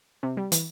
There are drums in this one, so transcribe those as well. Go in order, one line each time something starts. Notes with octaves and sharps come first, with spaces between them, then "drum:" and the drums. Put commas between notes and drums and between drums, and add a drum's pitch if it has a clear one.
C3
G3
E3, drum: hi-hat